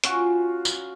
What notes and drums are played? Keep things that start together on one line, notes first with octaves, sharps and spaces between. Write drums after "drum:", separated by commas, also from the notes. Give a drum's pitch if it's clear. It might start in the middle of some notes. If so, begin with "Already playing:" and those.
C#4 F4 F#4, drum: hi-hat
drum: tambourine